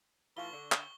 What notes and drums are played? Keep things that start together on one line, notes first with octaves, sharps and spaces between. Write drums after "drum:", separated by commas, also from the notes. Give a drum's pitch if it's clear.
A2 E3 F4 C#6 G7
D3
drum: clap